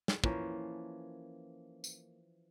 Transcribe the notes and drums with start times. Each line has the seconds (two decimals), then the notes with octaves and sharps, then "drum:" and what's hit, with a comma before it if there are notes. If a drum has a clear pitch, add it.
0.08 drum: snare
0.24 E3 F3 A#3 C#4, drum: kick
1.84 drum: tambourine